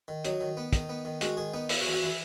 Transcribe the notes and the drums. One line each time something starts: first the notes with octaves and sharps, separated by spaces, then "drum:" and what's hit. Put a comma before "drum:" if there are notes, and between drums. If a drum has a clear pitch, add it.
D#3
F#3 D#4, drum: hi-hat
D#3
B3
D#3 D#4, drum: kick, hi-hat
B3
D#3
G#3 F#4, drum: hi-hat
D#3 G#4
B3 D#4
B3 E4, drum: open hi-hat
F#4
E3
F#4
E3 E4